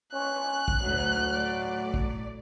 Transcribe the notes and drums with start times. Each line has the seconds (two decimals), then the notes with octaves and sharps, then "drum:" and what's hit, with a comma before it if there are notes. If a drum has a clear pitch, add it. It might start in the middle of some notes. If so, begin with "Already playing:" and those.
0.13 C#4 F#6
0.68 drum: kick
0.82 D2 A2 F#3
1.31 A2 D5
1.94 drum: kick